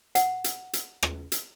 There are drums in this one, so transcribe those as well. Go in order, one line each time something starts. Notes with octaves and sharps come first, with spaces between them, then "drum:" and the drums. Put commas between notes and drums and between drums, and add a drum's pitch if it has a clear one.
F#5, drum: hi-hat
drum: hi-hat
drum: hi-hat
drum: rim click
drum: hi-hat